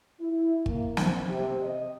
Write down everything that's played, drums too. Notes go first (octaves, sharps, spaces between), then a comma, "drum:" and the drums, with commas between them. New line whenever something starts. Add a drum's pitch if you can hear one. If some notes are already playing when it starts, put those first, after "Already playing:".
E4
A#3, drum: kick
C4, drum: snare
C3
D#5